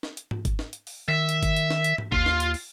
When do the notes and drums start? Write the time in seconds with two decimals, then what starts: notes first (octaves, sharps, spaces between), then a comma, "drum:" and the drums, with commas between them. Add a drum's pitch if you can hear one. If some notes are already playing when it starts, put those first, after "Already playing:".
0.03 drum: snare
0.17 drum: hi-hat
0.31 drum: tom G#2
0.45 drum: kick G1, hi-hat
0.59 drum: snare
0.73 drum: hi-hat
0.87 drum: open hi-hat
1.08 D#3 E5
1.29 drum: hi-hat
1.43 drum: kick G1, hi-hat
1.57 drum: hi-hat
1.70 drum: snare
1.84 drum: hi-hat
1.98 drum: tom G#2
2.12 D#2 F4, drum: kick G1
2.26 drum: snare
2.40 drum: hi-hat
2.54 drum: open hi-hat